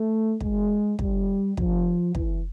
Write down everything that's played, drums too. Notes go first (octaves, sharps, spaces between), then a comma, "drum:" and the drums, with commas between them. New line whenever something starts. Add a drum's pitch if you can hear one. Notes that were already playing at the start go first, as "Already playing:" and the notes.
Already playing: A3
G#3, drum: kick
G3, drum: kick
F3, drum: kick
E3, drum: kick